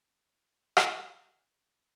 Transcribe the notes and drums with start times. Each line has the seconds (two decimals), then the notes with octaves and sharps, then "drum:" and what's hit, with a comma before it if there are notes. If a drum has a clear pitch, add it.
0.12 B2 D#4
0.77 drum: rim click